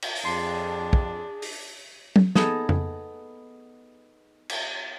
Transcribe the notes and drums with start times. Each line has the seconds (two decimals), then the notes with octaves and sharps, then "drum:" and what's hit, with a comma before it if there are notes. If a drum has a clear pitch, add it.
0.02 drum: cymbal
0.15 drum: open hi-hat
0.25 F2 D4 G#4 C6 C7
0.93 drum: kick
1.42 drum: open hi-hat
2.16 drum: tom F#3
2.35 B3 D#4 G#4 A4, drum: snare
2.69 drum: tom F2
4.50 drum: cymbal